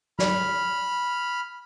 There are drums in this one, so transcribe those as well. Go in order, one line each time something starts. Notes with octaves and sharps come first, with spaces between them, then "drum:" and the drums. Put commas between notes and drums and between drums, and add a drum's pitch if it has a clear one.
B5 F6, drum: snare